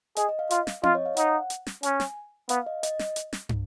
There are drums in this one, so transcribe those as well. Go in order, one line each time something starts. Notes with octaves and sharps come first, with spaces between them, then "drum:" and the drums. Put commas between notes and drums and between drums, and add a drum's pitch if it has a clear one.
G#4 D#5, drum: hi-hat
D#5
F5
F4, drum: hi-hat
drum: snare
F4 D#5, drum: tom C4
C#5
F5
D#4 F#5, drum: hi-hat
drum: hi-hat
drum: snare
C#4 G#5, drum: hi-hat
drum: snare
B3 F5, drum: hi-hat
D#5
D#5, drum: hi-hat
drum: snare
drum: hi-hat
drum: snare
drum: tom